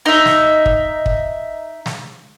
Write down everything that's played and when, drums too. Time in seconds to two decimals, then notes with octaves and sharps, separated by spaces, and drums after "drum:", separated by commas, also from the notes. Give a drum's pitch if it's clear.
0.06 D#4 E5
0.26 drum: snare
0.66 drum: kick
1.06 drum: kick
1.86 drum: snare